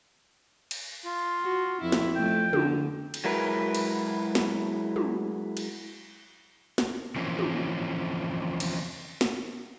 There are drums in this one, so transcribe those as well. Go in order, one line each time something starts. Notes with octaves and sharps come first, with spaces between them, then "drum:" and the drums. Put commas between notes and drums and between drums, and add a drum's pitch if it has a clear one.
drum: cymbal
F4
F#4
F2 E4
drum: snare
F2 A3 G5
D3, drum: tom
drum: cymbal
F#3 G#3 E4 A#4 B4
drum: cymbal
drum: snare
drum: tom
drum: cymbal
drum: snare
E3 F3 A#3 C4 C#4
drum: tom
drum: cymbal
drum: snare